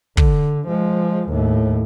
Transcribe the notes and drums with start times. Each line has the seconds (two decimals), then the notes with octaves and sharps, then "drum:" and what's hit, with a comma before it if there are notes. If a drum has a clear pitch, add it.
0.17 D3, drum: kick
0.68 F3 G#3
1.30 D#2 A2